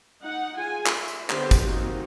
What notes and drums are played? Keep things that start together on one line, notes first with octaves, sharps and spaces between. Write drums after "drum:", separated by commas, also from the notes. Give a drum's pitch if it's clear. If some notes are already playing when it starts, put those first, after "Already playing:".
D#4 F#5
F4 G#4 G#5
drum: clap
E5
drum: tambourine
D3 B3 C4 G4 C5, drum: clap
drum: kick, tambourine
A#3 C4 D#4 F#4 G4